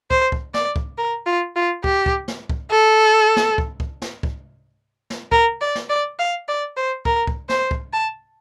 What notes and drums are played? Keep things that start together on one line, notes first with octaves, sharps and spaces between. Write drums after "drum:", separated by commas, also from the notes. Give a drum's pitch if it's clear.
C5, drum: kick
drum: kick
D5, drum: snare
drum: kick
A#4
F4
F4
G4, drum: kick
drum: kick
drum: snare
drum: kick
A4
drum: snare
drum: kick
drum: kick
drum: snare
drum: kick
drum: snare
A#4, drum: kick
D5
drum: snare
D5
F5
D5
C5
A#4, drum: kick
drum: kick
C5, drum: snare
drum: kick
A5